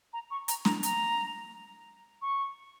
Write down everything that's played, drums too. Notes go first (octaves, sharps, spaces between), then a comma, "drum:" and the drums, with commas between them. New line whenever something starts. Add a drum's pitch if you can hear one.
A#5
C#6
A#5, drum: hi-hat
A#5, drum: snare
A#5, drum: hi-hat
C#6